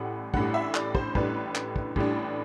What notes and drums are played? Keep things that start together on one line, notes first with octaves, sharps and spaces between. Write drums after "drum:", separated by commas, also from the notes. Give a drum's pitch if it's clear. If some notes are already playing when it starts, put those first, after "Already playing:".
Already playing: A1 A2 G3 F#5
A1 A2 G3 D4 F#5, drum: kick
E5
D5, drum: clap
C5, drum: kick
A1 A2 G3 D4 B4, drum: kick
drum: clap
drum: kick
A1 A2 G3 D4, drum: kick